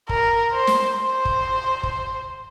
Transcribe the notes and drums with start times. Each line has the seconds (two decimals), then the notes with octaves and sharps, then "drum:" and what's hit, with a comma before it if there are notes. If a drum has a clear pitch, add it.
0.09 A#4, drum: kick
0.52 C5
0.67 drum: snare
0.97 C5
1.25 drum: kick
1.83 drum: kick